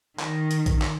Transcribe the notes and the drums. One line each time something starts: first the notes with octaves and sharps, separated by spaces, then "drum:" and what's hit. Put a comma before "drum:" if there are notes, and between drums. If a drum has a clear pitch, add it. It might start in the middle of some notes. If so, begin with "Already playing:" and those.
D#3, drum: clap
drum: hi-hat
drum: kick A#1, hi-hat
drum: clap